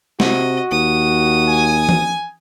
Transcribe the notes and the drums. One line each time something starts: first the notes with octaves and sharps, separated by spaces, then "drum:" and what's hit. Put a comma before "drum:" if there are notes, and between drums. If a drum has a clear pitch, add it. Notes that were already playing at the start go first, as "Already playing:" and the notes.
C3 F#4 D#5, drum: snare
D#2 D#6
G#5
drum: tom E3